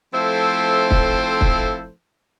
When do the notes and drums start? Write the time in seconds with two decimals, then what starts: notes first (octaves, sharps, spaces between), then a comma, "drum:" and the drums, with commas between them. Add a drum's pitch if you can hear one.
0.14 F3 A3 C4 E4 A4 C5
0.91 drum: kick
1.41 drum: kick